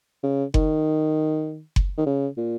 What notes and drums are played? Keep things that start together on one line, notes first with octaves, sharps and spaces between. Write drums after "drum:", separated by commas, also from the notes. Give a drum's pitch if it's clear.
C#3
D#3, drum: kick F#1
drum: kick F#1
D#3
C#3
A#2